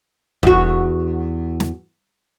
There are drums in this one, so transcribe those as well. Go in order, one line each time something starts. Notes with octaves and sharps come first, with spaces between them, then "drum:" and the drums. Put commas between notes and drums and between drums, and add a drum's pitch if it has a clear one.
E2 F#4, drum: kick
drum: snare